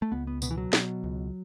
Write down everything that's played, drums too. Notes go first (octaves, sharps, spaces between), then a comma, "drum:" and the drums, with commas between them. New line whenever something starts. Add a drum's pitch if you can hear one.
A3
C#2 B3
B3
B2 B3, drum: tambourine
E3
F#3
B2, drum: snare
C#2